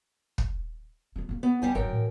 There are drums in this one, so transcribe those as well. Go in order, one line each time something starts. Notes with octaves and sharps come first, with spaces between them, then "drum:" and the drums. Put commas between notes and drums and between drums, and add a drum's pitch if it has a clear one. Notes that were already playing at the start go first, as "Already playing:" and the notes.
drum: kick
A3 E4
C#3 A#3
B3
C#2 G3 G4 G#5
G#1 F#2 D#4 A#4 G5
A2 E3